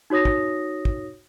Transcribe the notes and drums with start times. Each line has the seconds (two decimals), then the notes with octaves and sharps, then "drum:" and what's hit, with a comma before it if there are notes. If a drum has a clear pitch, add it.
0.10 D#4 F#4 C#5 D#6 A#6
0.25 drum: kick
0.85 drum: kick